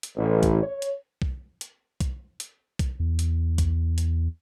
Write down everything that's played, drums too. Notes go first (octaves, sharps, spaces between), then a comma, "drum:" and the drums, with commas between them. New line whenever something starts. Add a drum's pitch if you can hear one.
drum: hi-hat
A1
drum: kick B1, hi-hat
C#5
drum: hi-hat
drum: kick B1
drum: hi-hat
drum: kick B1, hi-hat
drum: hi-hat
drum: kick B1, hi-hat
E2
drum: hi-hat
drum: kick B1, hi-hat
drum: hi-hat